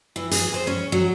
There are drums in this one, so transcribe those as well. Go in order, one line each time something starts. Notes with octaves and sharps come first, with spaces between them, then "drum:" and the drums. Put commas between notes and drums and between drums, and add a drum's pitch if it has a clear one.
E3
G#4, drum: hi-hat
C5
C#4
F#3